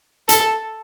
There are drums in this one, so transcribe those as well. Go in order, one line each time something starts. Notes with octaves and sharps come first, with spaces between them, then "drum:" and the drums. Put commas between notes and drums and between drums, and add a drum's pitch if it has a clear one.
A4, drum: hi-hat